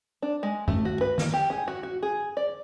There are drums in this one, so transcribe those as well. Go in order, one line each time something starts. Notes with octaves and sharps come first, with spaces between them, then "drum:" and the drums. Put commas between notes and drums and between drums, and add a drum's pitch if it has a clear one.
D4
G#3
A3, drum: tom G2
F#4
B4
A#3, drum: snare
G4
G#4
F#4
F#4
G#4
D5